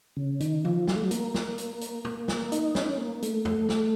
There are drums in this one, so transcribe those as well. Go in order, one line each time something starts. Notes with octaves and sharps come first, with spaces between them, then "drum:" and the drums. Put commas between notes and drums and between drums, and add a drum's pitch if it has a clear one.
C#3
D#3, drum: hi-hat
F3, drum: tom
F#3, drum: snare
A3
F#3
A#3, drum: hi-hat
drum: snare
drum: hi-hat
drum: hi-hat
drum: tom
drum: snare
D#4, drum: hi-hat
C#4, drum: snare
D#4
C#4
A#3
A3, drum: hi-hat
drum: tom
drum: snare